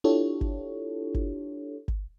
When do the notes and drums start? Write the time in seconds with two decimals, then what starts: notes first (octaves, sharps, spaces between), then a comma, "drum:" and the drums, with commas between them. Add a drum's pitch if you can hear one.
0.04 D4 E4 F4 G4 A4 C#5
0.41 drum: kick G1
1.14 drum: kick G1
1.88 drum: kick G1